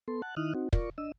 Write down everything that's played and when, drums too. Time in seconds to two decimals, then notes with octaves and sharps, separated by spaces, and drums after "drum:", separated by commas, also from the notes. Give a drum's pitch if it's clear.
0.08 B3 A4 C6
0.22 F#5 A5 F#6
0.37 D#3 D#4 E4 D#6 F6 F#6
0.55 C4 D#4 F#4
0.73 F4 A#4 D5 C#6, drum: kick
0.98 D4 D#5 E6